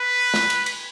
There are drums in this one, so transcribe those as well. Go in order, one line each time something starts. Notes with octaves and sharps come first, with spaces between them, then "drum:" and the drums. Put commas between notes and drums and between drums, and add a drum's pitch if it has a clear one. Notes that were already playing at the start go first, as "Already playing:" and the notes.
Already playing: B4
drum: snare
drum: cymbal
drum: cymbal